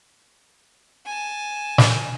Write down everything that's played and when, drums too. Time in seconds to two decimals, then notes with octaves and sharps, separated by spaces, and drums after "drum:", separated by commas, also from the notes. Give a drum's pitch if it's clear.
1.05 G#5 A5
1.78 drum: snare